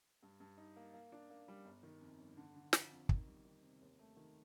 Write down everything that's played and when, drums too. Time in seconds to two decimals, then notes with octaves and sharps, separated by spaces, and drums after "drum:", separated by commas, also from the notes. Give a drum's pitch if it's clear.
0.23 G2
0.40 G2
0.58 D#4
0.76 A#3
0.94 A#3
1.12 D4
1.30 A#3
1.48 G3
1.65 G1
1.83 D#3
2.01 F2
2.19 G1
2.37 D3
2.56 D3
2.73 F3, drum: snare
2.91 F2
3.09 D#3, drum: kick
3.27 G3
3.45 D#3
3.63 C3
3.81 D#2
3.99 A3
4.16 D#3